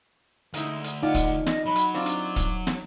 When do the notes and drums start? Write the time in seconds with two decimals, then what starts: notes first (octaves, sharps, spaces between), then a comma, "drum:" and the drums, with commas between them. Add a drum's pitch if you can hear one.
0.54 D2 G#3 D#4 E4, drum: hi-hat
0.84 drum: hi-hat
1.03 D#4 F4 G#4 D5 F#5
1.15 drum: kick, hi-hat
1.46 D#5, drum: snare
1.66 F#3 B5
1.75 drum: hi-hat
1.94 C4 D4 F4 D6
2.06 drum: hi-hat
2.36 drum: kick, hi-hat
2.67 drum: snare